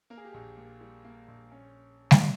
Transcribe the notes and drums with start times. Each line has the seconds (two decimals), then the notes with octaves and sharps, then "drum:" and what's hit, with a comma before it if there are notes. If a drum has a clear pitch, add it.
0.10 A#3 A#4
0.18 G#4
0.25 G4
0.32 A#1 G#4
0.57 A#2
0.81 G3
1.04 A#3
1.28 A#1
1.51 C#4
2.11 drum: snare G3